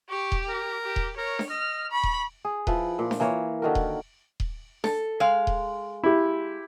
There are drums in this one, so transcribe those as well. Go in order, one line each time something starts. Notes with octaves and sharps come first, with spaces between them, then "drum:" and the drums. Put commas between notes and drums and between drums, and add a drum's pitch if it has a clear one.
G4 C#6
drum: kick D#1
A#4
G4
drum: kick D#1
A#4 C#5
drum: snare D4
D#5 F6
B5 C#6
drum: kick D#1
G#4
F3 E4 B4, drum: kick D#1
A#2
drum: snare D4
E3 A#3 A#4 C#5
D3 D#3 F#4 A#4
drum: kick D#1
drum: kick D#1
A4, drum: snare D4
G#3 F5
drum: kick D#1
E4 G4